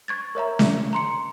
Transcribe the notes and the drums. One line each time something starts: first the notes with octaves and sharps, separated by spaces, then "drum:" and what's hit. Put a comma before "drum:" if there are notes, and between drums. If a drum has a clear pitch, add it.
C#6 G#6 A6
A#4 C#5 E5 A#5
E5, drum: snare
A#5 C6 C#7